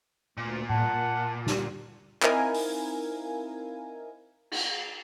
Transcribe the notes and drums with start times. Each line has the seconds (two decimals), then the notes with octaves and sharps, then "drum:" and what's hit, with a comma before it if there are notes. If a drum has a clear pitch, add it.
0.37 D2 A#2
0.70 F#5 A5, drum: tom A2
1.47 drum: snare
2.22 C4 D#4 E4 A#4 F5 G#5, drum: clap
2.54 drum: open hi-hat
4.51 drum: cymbal